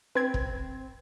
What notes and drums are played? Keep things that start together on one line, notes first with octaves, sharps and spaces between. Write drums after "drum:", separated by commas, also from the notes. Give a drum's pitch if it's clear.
C4 B4 G#6
drum: kick